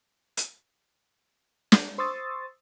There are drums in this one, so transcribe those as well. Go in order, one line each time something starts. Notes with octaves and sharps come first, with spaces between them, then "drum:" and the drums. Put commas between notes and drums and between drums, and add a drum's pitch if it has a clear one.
drum: hi-hat
drum: snare
C5 C6 C#6 D#6 E6 A6